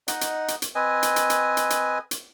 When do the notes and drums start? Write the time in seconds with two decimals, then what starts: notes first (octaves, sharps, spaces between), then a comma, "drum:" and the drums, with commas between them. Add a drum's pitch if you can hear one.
0.08 D#4 D#5 F#5, drum: hi-hat
0.21 drum: hi-hat
0.48 drum: hi-hat
0.62 drum: hi-hat
0.75 C4 B4 D#5 G#5
1.03 drum: hi-hat
1.16 drum: hi-hat
1.30 drum: hi-hat
1.57 drum: hi-hat
1.70 drum: hi-hat
2.11 drum: hi-hat